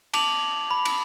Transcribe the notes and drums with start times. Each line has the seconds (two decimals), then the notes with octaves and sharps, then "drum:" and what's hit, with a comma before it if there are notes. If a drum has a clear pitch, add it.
0.14 A5 D6 F7 F#7, drum: cymbal
0.71 B5
0.85 drum: cymbal